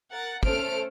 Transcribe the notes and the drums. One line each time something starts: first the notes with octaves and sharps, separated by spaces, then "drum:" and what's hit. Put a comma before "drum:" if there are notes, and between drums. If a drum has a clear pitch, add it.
A#4 F#5 A6
A3 C#4 A4 C5 F6 D7, drum: kick